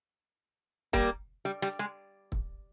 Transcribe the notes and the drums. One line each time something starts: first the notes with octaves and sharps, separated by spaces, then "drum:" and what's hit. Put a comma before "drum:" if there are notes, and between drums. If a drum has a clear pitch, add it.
G3 A#3, drum: kick
G3
G3, drum: rim click
G#3
drum: kick